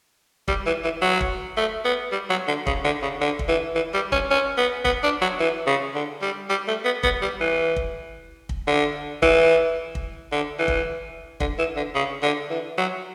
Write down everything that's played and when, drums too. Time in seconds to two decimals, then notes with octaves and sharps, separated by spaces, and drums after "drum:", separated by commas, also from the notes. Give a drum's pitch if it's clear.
0.48 G3, drum: kick
0.66 E3
0.84 E3
1.02 F#3
1.21 drum: kick
1.57 A3
1.85 B3
2.12 G3
2.30 F#3
2.48 D3
2.67 C#3, drum: kick
2.85 D3
3.02 C#3
3.21 D3
3.39 drum: kick
3.48 E3
3.75 E3
3.94 G3
4.12 C#4, drum: kick
4.31 C#4
4.58 B3
4.85 B3, drum: kick
5.04 D4
5.21 F#3
5.40 E3
5.67 C#3
5.94 D3
6.22 G3
6.50 G3
6.68 A3
6.85 B3
7.03 B3, drum: kick
7.22 G3
7.40 E3
7.76 drum: kick
8.49 drum: kick
8.67 D3
9.22 E3, drum: kick
9.95 drum: kick
10.32 D3
10.59 E3
10.68 drum: kick
11.40 D3, drum: kick
11.59 E3
11.77 D3
11.95 C#3
12.23 D3
12.50 E3
12.78 F#3